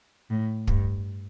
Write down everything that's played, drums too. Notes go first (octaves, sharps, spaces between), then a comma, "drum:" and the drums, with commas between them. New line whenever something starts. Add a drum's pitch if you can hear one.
A2
G2, drum: kick